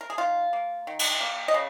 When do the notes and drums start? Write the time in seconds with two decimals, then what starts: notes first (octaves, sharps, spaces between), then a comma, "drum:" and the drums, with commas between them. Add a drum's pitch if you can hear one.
0.01 A#4
0.10 G#4
0.18 D#3 F4
0.53 A#3
0.87 D#3
0.99 drum: cymbal
1.20 A#3
1.48 D#5
1.54 C#3